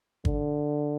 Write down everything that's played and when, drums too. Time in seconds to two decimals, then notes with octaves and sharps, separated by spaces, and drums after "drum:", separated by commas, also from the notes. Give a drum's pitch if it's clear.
0.25 D3, drum: kick G1